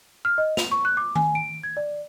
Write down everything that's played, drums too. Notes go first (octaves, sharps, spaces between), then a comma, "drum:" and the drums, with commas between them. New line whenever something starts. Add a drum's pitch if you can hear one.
F6
D#5
F7, drum: snare
C#6
F#6
D6
G#5, drum: tom D#3
D7
G#6
D5